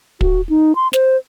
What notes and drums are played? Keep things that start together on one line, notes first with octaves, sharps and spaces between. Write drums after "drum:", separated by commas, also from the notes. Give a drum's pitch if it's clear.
F#4, drum: kick
D#4
C6
C5, drum: snare